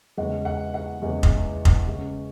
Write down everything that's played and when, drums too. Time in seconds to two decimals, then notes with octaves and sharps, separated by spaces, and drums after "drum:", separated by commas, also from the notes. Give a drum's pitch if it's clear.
0.17 E2 C#3 G#3 C#4 F#5
0.45 F#5
0.74 F#5
1.02 E2 C#3 G#3 C#4
1.23 drum: kick F1
1.65 drum: kick F1
1.86 C#3 G#3 C#4